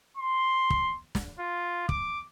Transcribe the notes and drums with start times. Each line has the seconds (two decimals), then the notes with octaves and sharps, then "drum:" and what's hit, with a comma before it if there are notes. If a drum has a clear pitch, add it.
0.17 C6
0.70 drum: kick
1.15 drum: snare
1.39 F4
1.89 D6, drum: kick